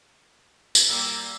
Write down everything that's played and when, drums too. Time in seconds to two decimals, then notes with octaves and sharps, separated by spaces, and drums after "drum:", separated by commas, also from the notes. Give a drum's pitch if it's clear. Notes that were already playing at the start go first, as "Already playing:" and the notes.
0.75 drum: tambourine
0.89 G3 A#3 E6